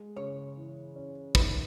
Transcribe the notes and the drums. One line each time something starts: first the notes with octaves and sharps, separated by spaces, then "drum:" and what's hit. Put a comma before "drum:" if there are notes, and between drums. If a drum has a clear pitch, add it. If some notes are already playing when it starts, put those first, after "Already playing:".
Already playing: G#3
C#3 C#5
E3
C#4
D#4 B4, drum: kick